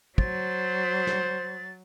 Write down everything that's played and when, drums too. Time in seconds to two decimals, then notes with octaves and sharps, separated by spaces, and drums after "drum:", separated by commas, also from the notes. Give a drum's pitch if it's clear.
0.18 F#3 C5 A6, drum: kick
1.07 drum: snare